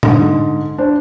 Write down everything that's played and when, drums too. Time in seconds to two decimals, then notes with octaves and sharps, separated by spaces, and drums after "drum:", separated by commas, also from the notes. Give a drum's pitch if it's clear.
0.03 G#2 D3, drum: tom A2
0.78 D4 C5